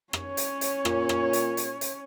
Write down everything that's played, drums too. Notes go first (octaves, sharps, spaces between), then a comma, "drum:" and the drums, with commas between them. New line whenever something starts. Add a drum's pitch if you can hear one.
C#4 C#5, drum: rim click
drum: hi-hat
drum: hi-hat
A#2, drum: rim click
drum: rim click
drum: hi-hat
drum: hi-hat
drum: hi-hat